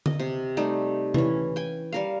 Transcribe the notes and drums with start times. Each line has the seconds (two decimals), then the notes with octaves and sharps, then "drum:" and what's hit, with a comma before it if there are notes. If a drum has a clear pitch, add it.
0.06 D#5, drum: tom D3
0.20 C3
0.57 G3 A3 D#4 G4
1.14 E3 C#4, drum: tom C3
1.56 G5 G#5
1.93 G3 A#4 F5